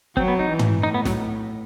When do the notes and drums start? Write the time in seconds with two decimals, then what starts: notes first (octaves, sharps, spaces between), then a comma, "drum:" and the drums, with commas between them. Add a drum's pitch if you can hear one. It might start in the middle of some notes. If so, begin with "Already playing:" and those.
0.17 F#3 C4, drum: kick
0.28 B3
0.39 D#4
0.50 E3
0.59 drum: tom
0.83 A2 D#4
0.94 B3
1.05 F#3, drum: snare